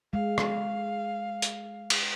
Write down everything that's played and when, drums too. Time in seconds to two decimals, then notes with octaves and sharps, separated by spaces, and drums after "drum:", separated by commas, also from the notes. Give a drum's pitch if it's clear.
0.13 G#3 F5
0.38 drum: rim click
1.42 drum: hi-hat
1.90 drum: cymbal